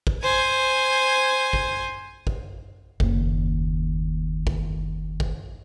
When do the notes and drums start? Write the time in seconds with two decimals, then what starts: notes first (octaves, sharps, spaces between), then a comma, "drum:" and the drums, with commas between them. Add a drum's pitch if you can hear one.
0.07 drum: kick
0.23 C5 G#5
1.53 drum: kick
2.27 drum: kick
3.00 F#1 D#2, drum: kick
4.47 drum: kick
5.20 drum: kick